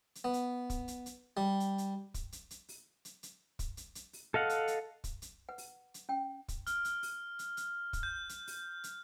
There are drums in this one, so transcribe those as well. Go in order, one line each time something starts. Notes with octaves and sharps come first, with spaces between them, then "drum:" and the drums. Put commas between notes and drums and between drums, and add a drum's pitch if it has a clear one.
drum: hi-hat
B3
drum: hi-hat
drum: kick, hi-hat
drum: hi-hat
drum: hi-hat
G3
drum: hi-hat
drum: hi-hat
drum: kick, hi-hat
drum: hi-hat
drum: hi-hat
drum: open hi-hat
drum: hi-hat
drum: hi-hat
drum: kick, hi-hat
drum: hi-hat
drum: hi-hat
drum: open hi-hat
A4 D#5 F5 F#5
drum: hi-hat
drum: hi-hat
drum: kick, hi-hat
drum: hi-hat
B4 F#5
drum: open hi-hat
drum: hi-hat
C#4 G5
drum: kick, hi-hat
F6, drum: hi-hat
drum: hi-hat
drum: open hi-hat
drum: hi-hat
drum: hi-hat
drum: kick, hi-hat
G6
drum: hi-hat
drum: open hi-hat
drum: hi-hat